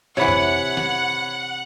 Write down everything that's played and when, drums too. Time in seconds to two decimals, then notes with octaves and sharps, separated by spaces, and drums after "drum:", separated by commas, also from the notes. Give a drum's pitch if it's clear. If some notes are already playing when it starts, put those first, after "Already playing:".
0.17 C3 E3 C#5 F#5 B5
0.28 drum: tom F2
0.77 drum: snare